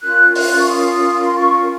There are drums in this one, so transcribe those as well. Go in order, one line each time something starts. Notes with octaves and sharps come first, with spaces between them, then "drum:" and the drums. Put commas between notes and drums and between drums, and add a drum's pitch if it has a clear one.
C#4 F4 A#4 F#6
F#6, drum: open hi-hat
C#6
D#6
C6
C#6